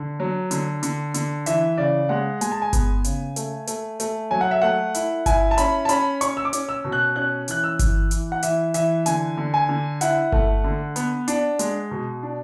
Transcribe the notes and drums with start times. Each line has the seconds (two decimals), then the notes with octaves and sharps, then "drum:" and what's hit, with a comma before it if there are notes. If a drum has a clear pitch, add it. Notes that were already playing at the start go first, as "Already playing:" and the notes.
Already playing: D3
0.20 F#3
0.51 D3, drum: hi-hat
0.83 D3, drum: hi-hat
1.14 D3, drum: hi-hat
1.46 E3 E5, drum: hi-hat
1.78 C#3 D5
2.09 G#3 F#5
2.41 G#3 G#5, drum: hi-hat
2.52 A5
2.62 G#5
2.73 B3, drum: kick G1, hi-hat
3.04 C#3, drum: hi-hat
3.36 A3, drum: hi-hat
3.67 A3, drum: hi-hat
4.00 A3, drum: hi-hat
4.31 F#3 G#5
4.41 F#5
4.51 E5
4.62 A3 F#5
4.95 E4, drum: hi-hat
5.26 E4 G#5, drum: kick G1, hi-hat
5.51 A5
5.58 C#4 B5, drum: hi-hat
5.85 A5
5.89 C#4 B5, drum: hi-hat
6.21 C#4 C#6, drum: hi-hat
6.37 E6
6.45 D6
6.53 C#4, drum: hi-hat
6.69 E6
6.84 B2
6.92 F#6
7.16 C#4 F#6
7.48 E3 F#6, drum: hi-hat
7.64 E6
7.79 E3, drum: kick G1, hi-hat
8.11 E3, drum: hi-hat
8.32 F#5
8.43 E3 E5, drum: hi-hat
8.74 E3 E5, drum: hi-hat
9.06 D3 G#5, drum: hi-hat
9.38 D3
9.54 G#5
9.69 D3
10.01 E4 F#5, drum: hi-hat
10.32 A3, drum: kick G1
10.64 D3
10.96 B3, drum: hi-hat
11.28 D4, drum: hi-hat
11.59 G#3, drum: hi-hat
11.91 B2
12.23 D4